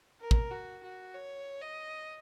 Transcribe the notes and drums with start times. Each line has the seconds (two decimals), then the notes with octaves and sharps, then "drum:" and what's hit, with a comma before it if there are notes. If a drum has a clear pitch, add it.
0.21 A#4
0.31 drum: kick
0.51 F#4
0.84 F#4
1.14 C#5
1.61 D#5